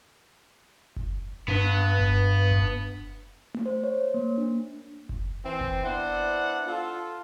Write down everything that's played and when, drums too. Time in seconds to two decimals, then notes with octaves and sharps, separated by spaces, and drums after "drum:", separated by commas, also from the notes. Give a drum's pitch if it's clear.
0.96 drum: kick F#1
1.48 G2 B3
2.00 drum: kick F#1
2.51 drum: kick F#1
3.54 drum: tom A3
3.66 C5
3.84 C#5
4.14 A#3
4.38 D4
5.09 drum: kick F#1
5.45 E3 C4
5.61 drum: kick F#1
5.84 B3 D4 E4 C5 D5 F#5
6.67 F4 A4